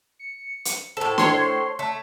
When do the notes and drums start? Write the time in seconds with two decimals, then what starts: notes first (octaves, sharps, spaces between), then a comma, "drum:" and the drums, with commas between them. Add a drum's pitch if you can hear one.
0.19 C#7
0.65 drum: hi-hat
0.97 A2 A4 C5
1.18 C#5 C6, drum: snare
1.79 A3 C#5